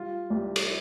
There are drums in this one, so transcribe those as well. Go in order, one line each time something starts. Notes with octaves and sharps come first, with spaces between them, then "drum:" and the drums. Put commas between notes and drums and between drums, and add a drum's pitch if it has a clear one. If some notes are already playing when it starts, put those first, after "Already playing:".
Already playing: G3 F4
C2 G4
drum: cymbal